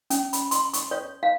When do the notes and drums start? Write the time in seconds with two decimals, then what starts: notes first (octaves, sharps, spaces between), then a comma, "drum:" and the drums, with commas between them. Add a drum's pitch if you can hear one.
0.10 C#4, drum: hi-hat
0.33 B5, drum: hi-hat
0.51 C6, drum: hi-hat
0.73 C#6, drum: hi-hat
0.91 C#5
1.23 F5